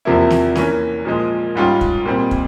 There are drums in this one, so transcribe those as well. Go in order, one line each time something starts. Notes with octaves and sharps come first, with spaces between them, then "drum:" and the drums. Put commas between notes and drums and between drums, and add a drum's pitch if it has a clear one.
E2 C3 F3 A#3 E4
drum: snare
E3 A#3 C#4, drum: snare
A#2 F3 G#3
G#2 G3 C#4 F4
drum: kick
A#2 G3 C4
drum: kick